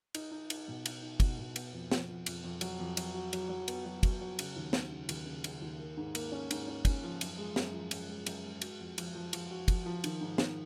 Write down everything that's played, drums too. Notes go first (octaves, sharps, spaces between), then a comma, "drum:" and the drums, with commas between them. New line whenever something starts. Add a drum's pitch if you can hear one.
D#4, drum: cymbal
D#4
D#4, drum: cymbal
B2
D#4, drum: cymbal
D#4
B2, drum: kick, cymbal
B2
B3, drum: cymbal
F2
F2, drum: snare
F2
F2, drum: cymbal
F2
F#3, drum: cymbal
F2
F#3, drum: cymbal
F#4
F#3, drum: cymbal
F#3
B3, drum: cymbal
F#3
F#4, drum: kick, cymbal
F#3
C#3, drum: cymbal
D#2
D#2, drum: snare
C#3
D#2, drum: cymbal
C#3
C#3, drum: cymbal
D#2
A#3
G#2
A#3, drum: cymbal
C#4
G#2, drum: cymbal
C#4
C#4, drum: kick, cymbal
F3
F#2, drum: cymbal
G#3
F#2, drum: snare
F3
F#2, drum: cymbal
G#3
F#2, drum: cymbal
G#3
F#4, drum: cymbal
F2
F3, drum: cymbal
F3
F3, drum: cymbal
F#4
F3, drum: kick, cymbal
F3
D#3, drum: cymbal
G#2
D#3, drum: snare